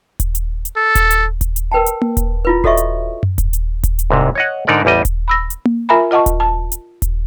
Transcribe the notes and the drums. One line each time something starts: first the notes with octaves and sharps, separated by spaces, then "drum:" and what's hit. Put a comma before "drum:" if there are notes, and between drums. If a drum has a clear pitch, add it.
drum: kick D#1, hi-hat
drum: hi-hat
drum: hi-hat
A4
drum: kick D#1, hi-hat
drum: hi-hat
drum: kick D#1, hi-hat
drum: hi-hat
A#4 B4 G5 A5
drum: hi-hat
drum: tom A#3
drum: kick D#1, hi-hat
E4 F4 B4
F#4 A4 C#5 D#5 E5 C#6, drum: kick D#1
drum: hi-hat
drum: tom F#2
drum: kick D#1, hi-hat
drum: hi-hat
drum: kick D#1, hi-hat
drum: hi-hat
C2 G#2 C3
C#5 D#5 F#5
G#2 D3 D#4 A#4 D5
A1 E2 G3 D#5
drum: kick D#1, hi-hat
B5 E6 A#6
drum: hi-hat
drum: tom A#3
F4 A#4 E5 G#5 A#5 B5
F4 D#5 F#5 A5 C#6
drum: kick D#1, hi-hat
A5
drum: hi-hat
drum: kick D#1, hi-hat